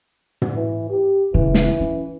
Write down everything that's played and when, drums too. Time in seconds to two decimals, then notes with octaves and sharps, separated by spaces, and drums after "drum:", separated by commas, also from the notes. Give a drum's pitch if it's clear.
0.42 drum: tom
0.54 E3
0.90 G4
1.34 E1 C#3 E3
1.54 drum: snare
1.80 C#4